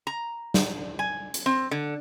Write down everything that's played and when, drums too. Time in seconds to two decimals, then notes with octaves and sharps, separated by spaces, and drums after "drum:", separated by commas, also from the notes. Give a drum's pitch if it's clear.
0.07 A#5
0.54 drum: snare
0.99 G#5
1.34 drum: hi-hat
1.46 C4
1.71 D3